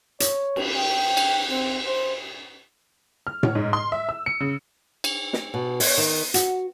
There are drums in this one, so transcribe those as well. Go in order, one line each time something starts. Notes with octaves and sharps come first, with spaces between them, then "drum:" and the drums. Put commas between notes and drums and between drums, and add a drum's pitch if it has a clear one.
C#5, drum: hi-hat
drum: cymbal
G5
drum: cymbal
C4
C5
F6
C#5, drum: tom A2
G#2
C6
E5
E6
C#7
C#3
drum: cymbal
drum: snare
B2
C#5, drum: open hi-hat
D#3
F#4, drum: hi-hat